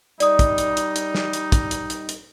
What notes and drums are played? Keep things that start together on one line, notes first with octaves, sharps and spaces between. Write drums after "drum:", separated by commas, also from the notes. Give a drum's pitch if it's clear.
G3 D#4 D5 D#6, drum: hi-hat
drum: kick, hi-hat
drum: hi-hat
drum: hi-hat
drum: hi-hat
drum: snare
drum: hi-hat
drum: kick, hi-hat
drum: hi-hat
drum: hi-hat
drum: hi-hat